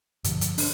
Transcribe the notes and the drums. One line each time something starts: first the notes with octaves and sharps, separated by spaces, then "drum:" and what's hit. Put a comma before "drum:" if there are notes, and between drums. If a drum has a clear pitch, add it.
G2 D3 F3, drum: hi-hat
drum: hi-hat
D4, drum: open hi-hat